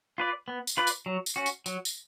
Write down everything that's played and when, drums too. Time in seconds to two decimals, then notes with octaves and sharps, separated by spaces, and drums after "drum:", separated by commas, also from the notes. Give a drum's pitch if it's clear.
0.18 F4 B4 D5
0.48 B3
0.67 drum: tambourine
0.77 F4 B4 D5
0.87 drum: tambourine
1.06 F#3
1.26 drum: tambourine
1.36 C#4 F#4
1.46 drum: tambourine
1.66 F#3, drum: tambourine
1.85 drum: tambourine